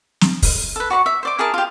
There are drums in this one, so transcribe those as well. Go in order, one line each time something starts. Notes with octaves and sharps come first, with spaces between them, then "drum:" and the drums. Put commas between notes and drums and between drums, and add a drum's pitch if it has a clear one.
drum: snare
drum: kick, open hi-hat
A4 B4
F#4 D5 B5 C#6
E5
C5 D5 D6
E4 G#4 A#4 A5
F4 G4